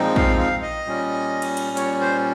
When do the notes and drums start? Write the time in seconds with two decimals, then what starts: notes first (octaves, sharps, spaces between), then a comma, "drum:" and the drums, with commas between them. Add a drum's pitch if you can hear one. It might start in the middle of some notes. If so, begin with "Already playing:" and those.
Already playing: A#2 F3 G#3 C4 D#4
0.16 F5, drum: kick A#1
0.39 F5
0.62 D#5
0.86 A#2 G3 C#4
1.42 drum: cymbal
1.57 drum: cymbal
1.77 C#5, drum: hi-hat
2.01 C5